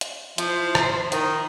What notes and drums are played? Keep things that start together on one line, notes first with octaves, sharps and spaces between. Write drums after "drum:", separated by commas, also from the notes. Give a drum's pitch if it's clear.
drum: hi-hat
F3 E4 C5, drum: hi-hat
drum: rim click
D#3, drum: hi-hat